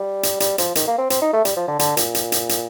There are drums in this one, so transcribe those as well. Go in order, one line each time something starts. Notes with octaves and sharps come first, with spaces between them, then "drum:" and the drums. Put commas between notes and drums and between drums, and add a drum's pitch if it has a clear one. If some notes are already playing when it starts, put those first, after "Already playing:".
Already playing: G3
drum: hi-hat
G3, drum: hi-hat
F3, drum: hi-hat
D#3, drum: hi-hat
A#3
C4
C4, drum: hi-hat
D#4
A3
G3, drum: hi-hat
F3
D3
D3, drum: hi-hat
A#2, drum: hi-hat
drum: hi-hat
drum: hi-hat
drum: hi-hat